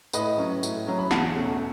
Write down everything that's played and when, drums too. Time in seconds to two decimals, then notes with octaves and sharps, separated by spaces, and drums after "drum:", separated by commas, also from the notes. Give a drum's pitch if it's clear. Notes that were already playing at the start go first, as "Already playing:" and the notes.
0.13 A2 B4 D#5, drum: tambourine
0.38 F#3 C#4
0.63 A2, drum: tambourine
0.87 F#3 C#4
0.99 B5
1.11 E2 F#5 A5, drum: snare
1.35 B2 A3 C#4